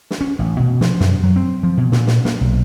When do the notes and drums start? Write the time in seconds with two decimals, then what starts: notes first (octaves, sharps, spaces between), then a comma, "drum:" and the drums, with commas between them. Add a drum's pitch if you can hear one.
0.11 drum: snare
0.21 C#4
0.39 A1
0.60 B2
0.81 F3, drum: snare
1.00 F#2, drum: snare
1.23 F#3
1.36 C4
1.63 F3
1.77 B2
1.92 A#2, drum: snare
2.07 drum: snare
2.25 A#3, drum: snare
2.41 B1